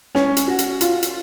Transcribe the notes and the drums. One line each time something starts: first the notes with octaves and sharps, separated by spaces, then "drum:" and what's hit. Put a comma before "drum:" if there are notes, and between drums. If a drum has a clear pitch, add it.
C#4, drum: snare
drum: hi-hat
F#4
drum: hi-hat
F4, drum: hi-hat
drum: hi-hat